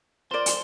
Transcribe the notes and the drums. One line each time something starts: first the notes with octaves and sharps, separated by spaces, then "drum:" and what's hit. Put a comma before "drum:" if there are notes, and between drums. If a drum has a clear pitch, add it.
F4 A#4 C5 D5
drum: hi-hat